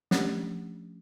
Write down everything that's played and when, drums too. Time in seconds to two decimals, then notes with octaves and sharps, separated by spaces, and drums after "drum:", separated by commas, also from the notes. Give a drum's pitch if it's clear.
0.11 F3 A3 C#4 D4 G4, drum: snare